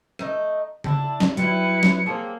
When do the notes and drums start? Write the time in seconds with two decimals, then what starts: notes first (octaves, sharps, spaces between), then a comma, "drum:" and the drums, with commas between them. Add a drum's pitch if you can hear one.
0.19 A3 D#4, drum: rim click
0.84 D4 E4 G4 A5, drum: tom C#3
1.20 drum: snare
1.37 F#3 G3 E4 B4 C#7, drum: hi-hat
1.83 drum: snare
2.06 G3 A#3 C4 G#4 C#5 G#5 A5